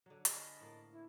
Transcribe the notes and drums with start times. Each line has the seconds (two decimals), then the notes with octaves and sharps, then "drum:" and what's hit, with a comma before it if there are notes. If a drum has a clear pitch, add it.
0.06 D3 F#3
0.25 F4 G#4 C5 D#5 A5 B5, drum: hi-hat
0.60 A2 A#3
0.92 E4